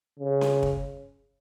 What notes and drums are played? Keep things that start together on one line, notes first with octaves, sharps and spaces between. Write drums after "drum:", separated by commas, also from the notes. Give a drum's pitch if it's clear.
C#3
drum: snare C#4
drum: kick